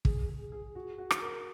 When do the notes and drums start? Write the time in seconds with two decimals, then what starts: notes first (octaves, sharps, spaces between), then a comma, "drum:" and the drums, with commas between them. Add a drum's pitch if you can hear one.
0.05 G#4, drum: kick
0.29 G#4
0.52 G#4
0.75 F#4
0.98 F#4
1.11 drum: rim click
1.22 A#4